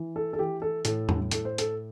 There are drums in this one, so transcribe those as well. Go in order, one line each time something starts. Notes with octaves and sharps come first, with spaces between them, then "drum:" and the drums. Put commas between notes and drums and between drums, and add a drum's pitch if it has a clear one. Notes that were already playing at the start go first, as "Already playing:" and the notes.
Already playing: E3
A4
A4
E3 G4
A4
A2 A4, drum: hi-hat
drum: tom
A2 A4, drum: hi-hat
C5
A4, drum: hi-hat